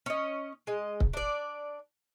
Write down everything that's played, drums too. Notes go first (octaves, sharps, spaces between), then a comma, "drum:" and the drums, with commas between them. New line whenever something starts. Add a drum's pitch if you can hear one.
C#4 D#5
G#3 D#5
drum: kick C#1
D4 D5